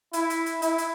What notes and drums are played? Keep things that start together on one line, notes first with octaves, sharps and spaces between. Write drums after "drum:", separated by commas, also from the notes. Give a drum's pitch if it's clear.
E4, drum: hi-hat
drum: hi-hat
drum: hi-hat
E4, drum: hi-hat
drum: hi-hat